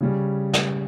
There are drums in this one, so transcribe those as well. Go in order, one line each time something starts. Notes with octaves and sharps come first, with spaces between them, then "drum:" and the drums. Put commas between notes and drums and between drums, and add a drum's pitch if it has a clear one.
C#3 G3 C#4
drum: snare